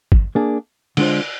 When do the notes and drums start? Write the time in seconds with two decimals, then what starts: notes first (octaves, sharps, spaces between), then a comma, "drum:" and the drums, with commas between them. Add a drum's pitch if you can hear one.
0.12 drum: kick G#1
0.35 A#3 D4 G#4
0.97 D3 G#3 D4 F4 C5, drum: cymbal